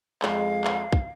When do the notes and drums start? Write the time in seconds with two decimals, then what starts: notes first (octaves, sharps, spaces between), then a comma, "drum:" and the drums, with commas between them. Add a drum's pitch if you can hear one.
0.22 F2 G#3 F5, drum: clap
0.64 drum: clap
0.93 drum: kick